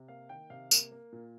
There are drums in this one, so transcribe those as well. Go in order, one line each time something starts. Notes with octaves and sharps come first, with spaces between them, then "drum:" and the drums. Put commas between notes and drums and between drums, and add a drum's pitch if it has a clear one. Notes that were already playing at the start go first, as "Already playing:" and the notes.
Already playing: C3
A#3 F5
D#3 G5
C3 F5
A#3, drum: tambourine
A#3
A#2